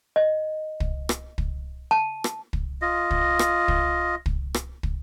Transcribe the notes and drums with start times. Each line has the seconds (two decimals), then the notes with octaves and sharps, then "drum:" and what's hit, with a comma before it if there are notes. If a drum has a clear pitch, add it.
0.16 D#5
0.80 drum: kick
1.09 drum: rim click
1.38 drum: kick
1.91 A5
2.24 drum: rim click
2.53 drum: kick
2.82 F4 D#5
3.11 drum: kick
3.39 drum: rim click
3.68 drum: kick
4.26 drum: kick
4.54 drum: rim click
4.83 drum: kick